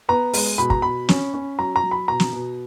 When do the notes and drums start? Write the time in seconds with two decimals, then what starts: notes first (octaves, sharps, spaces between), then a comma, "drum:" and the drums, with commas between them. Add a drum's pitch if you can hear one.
0.09 B3 A#5
0.33 G#3, drum: open hi-hat
0.58 B2 B5
0.70 A#5, drum: kick
0.82 B2 B5
1.09 C#4, drum: snare
1.34 C#4
1.59 F#3 A#5
1.76 A#5
1.83 F#3
1.91 B5
2.08 B2 A#5
2.20 drum: snare
2.33 B2